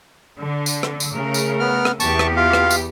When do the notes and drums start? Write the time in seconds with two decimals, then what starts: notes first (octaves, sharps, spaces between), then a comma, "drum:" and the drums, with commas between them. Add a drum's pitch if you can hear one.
0.40 D3
0.66 drum: tambourine
0.83 drum: rim click
1.00 drum: tambourine
1.14 C#3 A3 A#4
1.34 drum: tambourine
1.60 B3 F6
1.85 drum: rim click
2.00 E2 B3 G4 A5 C#6, drum: tambourine
2.19 drum: rim click
2.36 F4 F5
2.53 drum: rim click
2.70 drum: tambourine